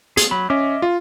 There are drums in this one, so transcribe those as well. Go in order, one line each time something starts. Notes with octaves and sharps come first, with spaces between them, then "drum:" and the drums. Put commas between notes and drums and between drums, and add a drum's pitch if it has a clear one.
G#4, drum: hi-hat
F#3 B5
C#4 D#5 E5 D6
F4